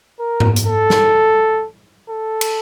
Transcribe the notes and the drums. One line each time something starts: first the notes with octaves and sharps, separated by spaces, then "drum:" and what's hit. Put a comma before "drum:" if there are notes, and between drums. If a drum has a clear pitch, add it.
A#4
drum: tom G#2
drum: hi-hat
A4
drum: snare
A4
drum: cymbal